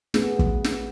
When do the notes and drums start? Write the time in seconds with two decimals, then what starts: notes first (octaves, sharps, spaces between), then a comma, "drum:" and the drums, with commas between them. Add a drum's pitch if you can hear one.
0.14 A3 B3 G#4, drum: snare
0.39 drum: kick
0.64 drum: snare